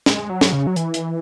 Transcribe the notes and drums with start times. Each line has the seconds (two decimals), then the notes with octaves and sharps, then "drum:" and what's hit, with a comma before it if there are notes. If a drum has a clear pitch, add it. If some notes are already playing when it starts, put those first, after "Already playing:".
0.06 G#3, drum: snare
0.30 F#3
0.41 drum: snare
0.53 C#3
0.67 F#3
0.76 E3, drum: hi-hat
0.94 drum: hi-hat